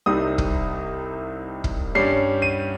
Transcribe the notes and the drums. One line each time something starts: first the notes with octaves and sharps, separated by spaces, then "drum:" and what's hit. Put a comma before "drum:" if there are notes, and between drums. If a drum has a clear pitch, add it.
C2 C3 G3 C4 D#4 D#6
drum: kick
drum: kick
G2 G3 C#4 C7
D#7